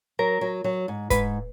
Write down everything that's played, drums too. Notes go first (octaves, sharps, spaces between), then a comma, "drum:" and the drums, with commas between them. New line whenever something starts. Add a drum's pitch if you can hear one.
F#3 A#4
F#3
F#3
G#2
G#2 B4, drum: kick, hi-hat